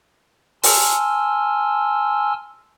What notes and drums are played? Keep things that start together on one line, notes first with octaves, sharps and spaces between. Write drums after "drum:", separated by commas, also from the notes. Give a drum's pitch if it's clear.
G#5 A5 C6 E6 F6, drum: open hi-hat